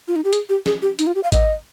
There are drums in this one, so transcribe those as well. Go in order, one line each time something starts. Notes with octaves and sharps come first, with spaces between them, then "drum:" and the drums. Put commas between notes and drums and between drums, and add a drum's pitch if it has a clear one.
F4
D#4
G4
G#4, drum: hi-hat
G4
G#4, drum: snare
G4
D#4, drum: hi-hat
F4
G4
F5
D#5, drum: kick, hi-hat